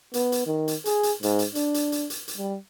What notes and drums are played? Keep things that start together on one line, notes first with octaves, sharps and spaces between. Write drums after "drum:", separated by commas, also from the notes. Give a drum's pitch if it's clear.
B3, drum: hi-hat
drum: hi-hat
D#3
drum: hi-hat
G#4, drum: hi-hat
drum: hi-hat
G#2, drum: hi-hat
drum: hi-hat
D4, drum: hi-hat
drum: hi-hat
drum: hi-hat
drum: hi-hat
drum: hi-hat
G3